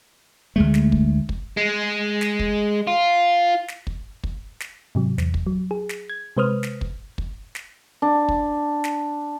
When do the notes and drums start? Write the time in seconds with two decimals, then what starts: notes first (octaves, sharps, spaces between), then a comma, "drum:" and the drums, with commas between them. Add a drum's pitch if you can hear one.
0.56 D2 G#3 A3
0.74 drum: snare
0.92 drum: kick
1.29 drum: kick
1.57 G#3
2.21 drum: snare
2.39 drum: kick
2.87 F4
3.68 drum: snare
3.87 drum: kick
4.24 drum: kick
4.60 drum: snare
4.95 G#2 C3 F#3
5.18 E2, drum: snare
5.34 drum: kick
5.47 F#3
5.71 G#4
5.89 drum: snare
6.10 G#6
6.37 C3 G#3 B4 C5 D#6 F6
6.63 drum: snare
6.81 drum: kick
7.18 drum: kick
7.55 drum: snare
8.02 D4
8.29 drum: kick
8.84 drum: snare